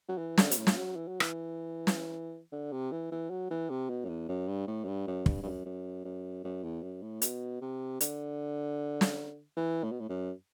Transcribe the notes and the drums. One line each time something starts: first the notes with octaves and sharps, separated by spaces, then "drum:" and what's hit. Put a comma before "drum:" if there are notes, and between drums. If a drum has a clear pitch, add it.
F#3
E3
D3, drum: snare
B2, drum: hi-hat
A2
drum: snare
F#3
E3
F#3
E3, drum: rim click
drum: snare
D3
C3
E3
E3
F#3
E3
C3
B2
F#2
E2
F#2
G2
A2
F#2
G2
F#2
G2, drum: kick
G2
F#2
F#2
F#2
F#2
E2
F#2
A2
B2, drum: hi-hat
C3
D3, drum: hi-hat
drum: snare
E3
A2
B2
A2
F#2